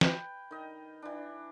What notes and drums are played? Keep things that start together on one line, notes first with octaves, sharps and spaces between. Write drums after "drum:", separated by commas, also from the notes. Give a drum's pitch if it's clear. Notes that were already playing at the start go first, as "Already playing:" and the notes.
B4 G5, drum: snare
D#3 D#5
E3 D4